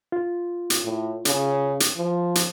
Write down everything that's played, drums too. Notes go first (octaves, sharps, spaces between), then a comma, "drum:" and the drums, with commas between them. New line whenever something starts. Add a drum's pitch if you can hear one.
F4
drum: hi-hat
A2
C#3, drum: hi-hat
drum: hi-hat
F3
drum: hi-hat